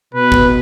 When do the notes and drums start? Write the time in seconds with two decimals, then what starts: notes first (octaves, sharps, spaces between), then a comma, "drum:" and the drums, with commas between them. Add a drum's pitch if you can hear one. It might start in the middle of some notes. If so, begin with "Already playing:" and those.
0.14 B2 B4
0.32 drum: kick